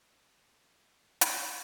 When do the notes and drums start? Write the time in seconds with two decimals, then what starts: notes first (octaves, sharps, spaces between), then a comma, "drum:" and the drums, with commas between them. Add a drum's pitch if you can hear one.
0.10 E3 F3 G#3 A3 D4 C5
1.21 drum: hi-hat